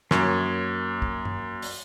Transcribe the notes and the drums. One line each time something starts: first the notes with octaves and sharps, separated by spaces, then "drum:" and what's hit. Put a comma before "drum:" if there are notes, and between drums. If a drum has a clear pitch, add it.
F#2 A#3 C#5, drum: snare
drum: kick
drum: tom G2
drum: open hi-hat